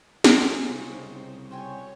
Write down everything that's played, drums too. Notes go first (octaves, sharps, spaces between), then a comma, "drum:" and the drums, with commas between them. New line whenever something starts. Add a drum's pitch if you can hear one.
F3 E4 G#5 A5, drum: snare
C2 C#3 C4 D#4 C5
G3 F#4 A4 C5 C#5 G5 G#5